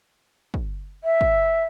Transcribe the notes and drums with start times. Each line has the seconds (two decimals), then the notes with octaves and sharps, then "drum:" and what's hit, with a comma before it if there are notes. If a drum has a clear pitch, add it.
0.54 drum: kick
1.04 E5
1.21 drum: kick